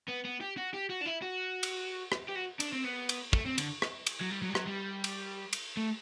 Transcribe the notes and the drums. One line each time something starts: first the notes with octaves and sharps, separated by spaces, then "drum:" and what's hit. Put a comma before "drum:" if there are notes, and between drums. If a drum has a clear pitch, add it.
B3
B3
G4
F#4
G4
F#4
D4
E4
F#4
drum: cymbal
drum: rim click
G4
F#4
D4, drum: cymbal
C4
B3
drum: cymbal
A3, drum: kick
C4
D3, drum: cymbal
drum: rim click
drum: cymbal
F#3
G3
F#3
G3
F#3, drum: rim click
G3
drum: cymbal
drum: cymbal
A3